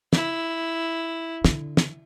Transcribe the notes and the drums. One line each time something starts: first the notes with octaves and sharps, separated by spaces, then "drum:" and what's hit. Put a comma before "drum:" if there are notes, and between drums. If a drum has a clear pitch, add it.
E4, drum: snare
D3, drum: snare
drum: snare